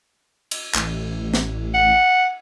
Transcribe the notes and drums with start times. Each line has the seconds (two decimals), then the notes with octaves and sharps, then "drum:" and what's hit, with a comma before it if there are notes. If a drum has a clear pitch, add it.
0.51 drum: cymbal
0.75 A1, drum: clap
1.34 drum: snare
1.74 F#5